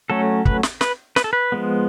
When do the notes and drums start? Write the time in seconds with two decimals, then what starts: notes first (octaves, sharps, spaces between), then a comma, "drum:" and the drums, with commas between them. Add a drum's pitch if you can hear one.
0.10 F#3 A3 C#4 A4
0.45 B4, drum: kick
0.63 drum: snare
0.81 B4, drum: snare
1.16 B4, drum: snare
1.24 A4
1.33 B4
1.52 F3 G#3 B3